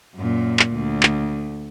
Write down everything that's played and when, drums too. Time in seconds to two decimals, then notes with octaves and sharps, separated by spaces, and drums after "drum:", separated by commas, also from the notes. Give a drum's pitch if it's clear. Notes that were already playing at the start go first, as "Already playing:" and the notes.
0.16 F#2 A#2
0.59 drum: clap
0.73 D2
1.03 drum: clap